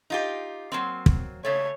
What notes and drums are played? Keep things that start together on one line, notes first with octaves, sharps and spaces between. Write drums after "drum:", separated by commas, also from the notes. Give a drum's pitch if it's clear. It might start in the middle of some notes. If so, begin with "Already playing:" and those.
D#4 F4 G4
F#3 A#3 C4
drum: kick
C#3 A3 C#5